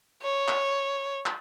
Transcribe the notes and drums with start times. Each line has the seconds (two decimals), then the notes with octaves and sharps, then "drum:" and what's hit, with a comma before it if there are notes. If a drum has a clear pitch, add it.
0.22 C#5
0.48 drum: clap
1.26 drum: clap